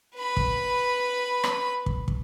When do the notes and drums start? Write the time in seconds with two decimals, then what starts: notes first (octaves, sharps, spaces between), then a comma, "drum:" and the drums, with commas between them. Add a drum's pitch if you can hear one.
0.15 B4 B5
0.37 drum: kick
1.44 drum: rim click
1.86 drum: kick
2.08 drum: kick